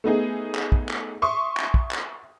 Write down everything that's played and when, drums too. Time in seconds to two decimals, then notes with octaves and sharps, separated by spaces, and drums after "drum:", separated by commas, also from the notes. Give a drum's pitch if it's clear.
0.04 A3 B3 D#4 G#4
0.55 drum: clap
0.72 drum: kick
0.89 drum: clap
1.22 E5 C6 C#6 D#6
1.57 drum: clap
1.74 drum: kick
1.91 drum: clap